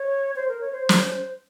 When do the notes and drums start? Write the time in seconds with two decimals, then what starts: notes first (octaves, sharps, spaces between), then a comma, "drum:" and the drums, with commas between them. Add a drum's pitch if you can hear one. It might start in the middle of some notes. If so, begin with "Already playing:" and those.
Already playing: C#5
0.36 C5
0.49 A#4
0.61 C#5
0.73 C5
0.89 drum: snare